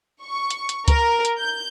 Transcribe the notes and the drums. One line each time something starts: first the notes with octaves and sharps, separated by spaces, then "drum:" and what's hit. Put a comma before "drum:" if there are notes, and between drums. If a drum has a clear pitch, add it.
C#6
drum: hi-hat
drum: hi-hat
A#4, drum: kick C#2, hi-hat
drum: hi-hat
G6